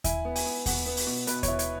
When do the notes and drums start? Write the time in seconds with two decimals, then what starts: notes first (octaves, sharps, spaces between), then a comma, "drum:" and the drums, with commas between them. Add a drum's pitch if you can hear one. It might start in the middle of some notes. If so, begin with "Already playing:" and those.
0.04 E4 G#5, drum: kick D#2, hi-hat
0.25 B3
0.36 G#5, drum: open hi-hat
0.46 B3
0.66 B3 F#5, drum: kick D#2, open hi-hat
0.86 B3
0.97 drum: open hi-hat
1.07 B2
1.27 B2 B4, drum: hi-hat
1.43 E4 C#5, drum: kick D#2, hi-hat
1.59 C#5, drum: hi-hat